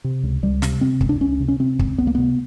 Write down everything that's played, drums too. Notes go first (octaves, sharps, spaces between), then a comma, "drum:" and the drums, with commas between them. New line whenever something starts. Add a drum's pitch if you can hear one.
C3
C#2
C#2 G3
C3, drum: snare
C3 C4
C#2, drum: kick
D4
C#2 C#4
C3
C#4
C3 C4
C#2, drum: kick
C#2 B3
A#3
C3 B3